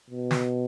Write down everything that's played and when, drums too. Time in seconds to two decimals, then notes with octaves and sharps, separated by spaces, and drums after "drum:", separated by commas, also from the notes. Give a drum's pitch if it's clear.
0.10 B2
0.31 drum: snare